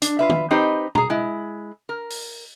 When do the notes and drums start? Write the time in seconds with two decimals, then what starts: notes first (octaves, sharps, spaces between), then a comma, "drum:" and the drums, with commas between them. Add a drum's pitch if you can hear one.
0.02 D4, drum: hi-hat
0.19 F4 B4 E5
0.30 drum: tom
0.51 C4 D#4 G4 B4 C5 D#5
0.95 G#4 A#5, drum: tom
1.10 G#3 E4
1.89 A#4
2.10 drum: open hi-hat